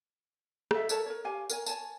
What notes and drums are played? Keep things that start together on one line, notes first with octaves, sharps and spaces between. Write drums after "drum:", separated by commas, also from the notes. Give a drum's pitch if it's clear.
A4 D#5 E5, drum: rim click
A4 A#4 C#5 A5, drum: tambourine
A#4 C#5
G4 C#5 F5 G#5
A#4 C#5 G#5, drum: tambourine
C#5 G#5 A5, drum: tambourine